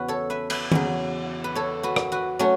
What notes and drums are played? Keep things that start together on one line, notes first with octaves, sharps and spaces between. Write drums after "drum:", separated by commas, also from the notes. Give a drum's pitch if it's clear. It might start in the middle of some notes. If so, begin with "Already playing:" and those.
Already playing: E2 C#3 B3 C#4 F#4 B4
A4 C#5
B4 E5
B4 E5, drum: cymbal
E2 C#3 F#3, drum: tom
B4
A4 C#5
F#4 B4
drum: rim click
F#4 B4
F#3 A3 C#4 F#4